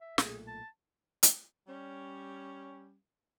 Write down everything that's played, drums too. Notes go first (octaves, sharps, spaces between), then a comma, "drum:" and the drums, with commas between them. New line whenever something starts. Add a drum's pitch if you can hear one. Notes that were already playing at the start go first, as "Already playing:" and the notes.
E5
B1 A#2 A3 G#4, drum: snare
A5
drum: hi-hat
G3 C#4